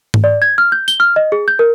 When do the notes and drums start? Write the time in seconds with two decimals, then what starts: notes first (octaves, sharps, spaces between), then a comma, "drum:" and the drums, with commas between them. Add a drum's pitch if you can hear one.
0.14 drum: tom G#2
0.24 D5
0.42 G#6
0.58 F6
0.72 G6
0.88 G7, drum: tambourine
1.00 F6
1.16 D#5
1.32 G#4
1.48 G6
1.59 A#4